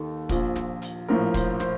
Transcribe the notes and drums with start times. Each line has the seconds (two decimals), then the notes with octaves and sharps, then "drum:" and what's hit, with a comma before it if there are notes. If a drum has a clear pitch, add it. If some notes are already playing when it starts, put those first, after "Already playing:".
Already playing: D#2 D#3 A4
0.29 A#1 A#2 F3, drum: kick, hi-hat
0.56 drum: snare
0.82 drum: hi-hat
1.08 A#1 A2 F3 A#4
1.34 C5, drum: kick, hi-hat
1.60 C5, drum: snare